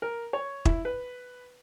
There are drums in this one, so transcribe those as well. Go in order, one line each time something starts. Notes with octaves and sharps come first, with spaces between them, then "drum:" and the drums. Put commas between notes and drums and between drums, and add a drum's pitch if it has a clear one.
A#4
C#5
E4, drum: kick
B4